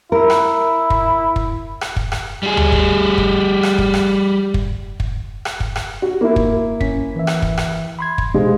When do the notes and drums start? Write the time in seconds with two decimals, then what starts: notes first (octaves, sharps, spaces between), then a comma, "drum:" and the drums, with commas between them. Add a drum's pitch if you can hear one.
0.12 E4 A#4
0.30 drum: rim click
0.90 drum: kick
1.36 drum: kick
1.81 drum: rim click
1.96 drum: kick
2.12 drum: rim click
2.43 G3 G#4
2.57 drum: tom D2
2.72 drum: kick
3.18 drum: kick
3.63 drum: rim click
3.78 drum: kick
3.94 drum: rim click
4.54 drum: kick
5.00 drum: kick
5.45 drum: rim click
5.60 drum: kick
5.76 drum: rim click
6.02 F#4
6.21 A#3 E4
6.36 drum: kick
6.81 G#1 C#4 B6, drum: kick
7.16 E3 E5
7.27 drum: rim click
7.42 drum: kick
7.57 drum: rim click
7.99 B5 C6 G#6
8.18 drum: kick
8.34 B2 G#3 C5 F5